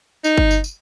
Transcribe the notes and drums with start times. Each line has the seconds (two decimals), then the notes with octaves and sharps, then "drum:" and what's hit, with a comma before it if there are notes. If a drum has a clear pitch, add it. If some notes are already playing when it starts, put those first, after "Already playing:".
0.24 D#4, drum: tambourine
0.37 drum: kick G1
0.51 drum: tambourine
0.64 drum: tambourine